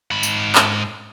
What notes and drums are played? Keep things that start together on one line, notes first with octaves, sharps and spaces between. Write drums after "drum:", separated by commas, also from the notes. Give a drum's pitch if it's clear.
G#2 B5
drum: tambourine
drum: clap